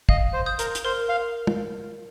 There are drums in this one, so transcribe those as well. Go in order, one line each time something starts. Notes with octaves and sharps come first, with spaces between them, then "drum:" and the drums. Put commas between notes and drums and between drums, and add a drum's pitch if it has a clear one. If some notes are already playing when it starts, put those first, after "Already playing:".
D#5 F5, drum: kick
C5
D#6 G6
A#4, drum: hi-hat
drum: hi-hat
A#4 C5
F5
drum: tom